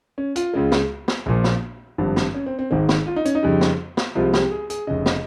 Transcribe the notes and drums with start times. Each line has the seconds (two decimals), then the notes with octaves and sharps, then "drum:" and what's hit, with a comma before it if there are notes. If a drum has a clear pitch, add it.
0.18 C#4
0.36 F4, drum: hi-hat
0.54 C#2 C#3 G#3
0.72 drum: snare
1.08 drum: snare
1.26 A#1 A#2 F3
1.44 drum: snare
1.98 G#1 G2 F3
2.16 drum: snare
2.34 C#4
2.46 C4
2.59 C4
2.71 G#1 G#2 D#3 G#3 C4
2.89 drum: snare
3.07 F4
3.16 D#4
3.25 C#4, drum: hi-hat
3.35 D#4
3.43 F2 C#3 G3
3.61 drum: snare
3.97 drum: snare
4.15 C2 C3 F3 G#3 F4
4.33 G4, drum: snare
4.51 G#4
4.70 G#4, drum: hi-hat
4.87 F1 F2 C#3 D#5
5.06 drum: snare